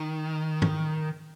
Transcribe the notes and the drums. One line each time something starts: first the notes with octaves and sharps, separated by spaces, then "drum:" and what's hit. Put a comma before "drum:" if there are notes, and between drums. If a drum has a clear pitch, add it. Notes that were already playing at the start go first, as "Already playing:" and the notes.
Already playing: D#3
drum: tom